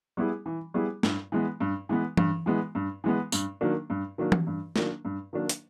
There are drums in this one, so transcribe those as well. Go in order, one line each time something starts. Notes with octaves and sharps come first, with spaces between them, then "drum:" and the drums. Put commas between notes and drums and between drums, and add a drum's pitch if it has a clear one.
G3 B3 E4 G#4
E3
G3 B3 E4 G#4
G2, drum: snare
E3 G#3 B3
G2
E3 G#3 B3
G2, drum: tom E3
E3 G#3 B3
G2
E3 G#3 B3
G2, drum: tambourine
D#3 F#3 A#3 D4
G2
D#3 F#3 A#3 D4
drum: tom E3
G2
D#3 F#3 A#3 D4, drum: snare
G2
D#3 F#3 A#3 D4
drum: hi-hat